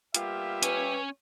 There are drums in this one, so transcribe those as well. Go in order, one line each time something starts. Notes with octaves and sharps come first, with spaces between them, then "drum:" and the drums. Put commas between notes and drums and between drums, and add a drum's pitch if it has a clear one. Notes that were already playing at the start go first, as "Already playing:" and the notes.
G3 A#3 B3 F4 G4 E5, drum: hi-hat
C#4 B4 G#5, drum: hi-hat